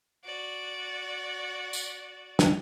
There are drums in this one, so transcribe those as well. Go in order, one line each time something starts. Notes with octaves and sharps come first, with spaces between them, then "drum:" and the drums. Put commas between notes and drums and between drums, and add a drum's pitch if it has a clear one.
F#4 D5
drum: tambourine
drum: snare